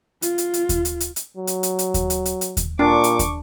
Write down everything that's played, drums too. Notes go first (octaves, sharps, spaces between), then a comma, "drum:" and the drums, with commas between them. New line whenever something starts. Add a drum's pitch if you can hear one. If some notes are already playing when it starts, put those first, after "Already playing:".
F4, drum: hi-hat
drum: hi-hat
drum: hi-hat
drum: kick D#2, hi-hat
drum: hi-hat
drum: hi-hat
drum: hi-hat
F#3
drum: hi-hat
drum: hi-hat
drum: hi-hat
drum: kick D#2, hi-hat
drum: hi-hat
drum: hi-hat
drum: hi-hat
drum: kick D#2, hi-hat
A#2 D4 C#6 D6
drum: hi-hat
drum: kick D#2, hi-hat